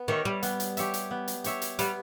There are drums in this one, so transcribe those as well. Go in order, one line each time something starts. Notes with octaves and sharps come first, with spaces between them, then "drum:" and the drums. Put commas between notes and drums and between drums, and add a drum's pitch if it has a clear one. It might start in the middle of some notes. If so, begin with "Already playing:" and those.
Already playing: B3
D#3 G4 C#5 E5
G3
B3, drum: hi-hat
drum: hi-hat
G4 C#5 E5, drum: hi-hat
drum: hi-hat
B3
drum: hi-hat
G4 C#5 E5, drum: hi-hat
drum: hi-hat
G3 B3, drum: hi-hat